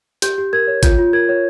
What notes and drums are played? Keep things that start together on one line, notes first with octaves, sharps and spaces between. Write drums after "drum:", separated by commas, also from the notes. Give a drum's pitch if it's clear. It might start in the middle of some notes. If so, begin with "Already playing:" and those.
G4 G6, drum: hi-hat
G4
A#4 G#6
C#5
F4 G6, drum: kick, hi-hat
F4
A#4 G#6
C#5